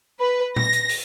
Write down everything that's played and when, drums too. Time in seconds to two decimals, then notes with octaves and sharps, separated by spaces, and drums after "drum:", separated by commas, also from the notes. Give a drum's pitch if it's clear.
0.19 B4
0.56 A#6, drum: tom A#2
0.73 drum: hi-hat
0.89 drum: open hi-hat